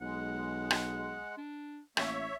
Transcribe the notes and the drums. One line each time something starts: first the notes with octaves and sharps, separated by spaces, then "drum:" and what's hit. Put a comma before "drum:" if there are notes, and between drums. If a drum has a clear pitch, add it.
B1 G#3 F#5
drum: rim click
D4
A1 A#3 C#5 E5, drum: rim click